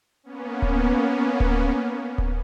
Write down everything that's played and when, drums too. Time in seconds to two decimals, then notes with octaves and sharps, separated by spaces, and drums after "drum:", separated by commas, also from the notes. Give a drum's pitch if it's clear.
0.23 A#3 B3 C#4
0.62 drum: kick D1
1.40 drum: kick D1
2.18 drum: kick D1